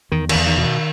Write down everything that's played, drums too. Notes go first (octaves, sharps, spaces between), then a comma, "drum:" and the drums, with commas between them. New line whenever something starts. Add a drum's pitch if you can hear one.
E2 D#3
D#3, drum: cymbal
E2
D#3
B2
D#3